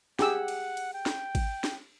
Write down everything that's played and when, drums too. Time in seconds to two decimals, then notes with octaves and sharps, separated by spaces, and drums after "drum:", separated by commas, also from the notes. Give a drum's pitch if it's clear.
0.19 G4 G#4 F#5 E6, drum: snare
0.48 drum: cymbal
0.77 drum: cymbal
0.94 G5
1.06 drum: snare
1.35 drum: kick G#1, cymbal
1.64 drum: snare